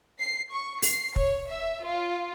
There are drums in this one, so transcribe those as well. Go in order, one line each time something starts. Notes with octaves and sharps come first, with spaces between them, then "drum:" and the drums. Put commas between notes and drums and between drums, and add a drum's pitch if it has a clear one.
C7
C#6
C7, drum: open hi-hat
C#5, drum: kick
E5
F4